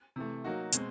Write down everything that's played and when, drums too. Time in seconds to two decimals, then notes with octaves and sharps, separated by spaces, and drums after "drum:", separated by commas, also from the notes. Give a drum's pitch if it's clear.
0.16 C3 E3 A3
0.44 F#3 A#3 D#4 F#4
0.72 B2 G#3 C4, drum: hi-hat